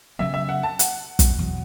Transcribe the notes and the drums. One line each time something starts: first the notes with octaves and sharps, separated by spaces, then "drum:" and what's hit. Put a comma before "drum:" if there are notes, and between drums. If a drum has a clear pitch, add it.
C#3 F#3 B3 E5
E5
F#5
A5
F#5, drum: hi-hat
drum: kick, hi-hat
E2 B2 F#3